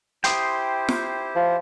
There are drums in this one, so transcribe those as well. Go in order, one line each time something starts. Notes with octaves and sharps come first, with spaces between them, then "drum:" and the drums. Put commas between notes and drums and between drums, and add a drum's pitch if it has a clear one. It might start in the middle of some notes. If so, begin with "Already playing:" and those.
E4 G4 C5 G5 C6 D#6, drum: hi-hat
drum: snare
F3